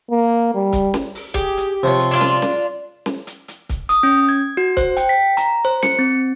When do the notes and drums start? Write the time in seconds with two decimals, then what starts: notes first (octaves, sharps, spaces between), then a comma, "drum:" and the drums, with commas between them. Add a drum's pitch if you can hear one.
0.11 A#3
0.55 G3
0.73 drum: kick, hi-hat
0.94 drum: snare
1.15 drum: open hi-hat
1.34 G4 G#4, drum: kick, hi-hat
1.57 drum: hi-hat
1.83 C3 F3 C#5 C6
2.00 drum: hi-hat
2.11 D4 E4 F4
2.21 drum: snare
2.42 drum: snare
3.06 drum: snare
3.27 drum: hi-hat
3.48 drum: hi-hat
3.69 drum: kick, hi-hat
3.89 D#6, drum: hi-hat
4.03 C#4
4.29 G#6
4.57 F#4
4.77 C5, drum: kick, hi-hat
4.97 G5, drum: hi-hat
5.09 B6
5.37 A#5, drum: hi-hat
5.65 C5
5.83 C#7, drum: snare
5.99 C4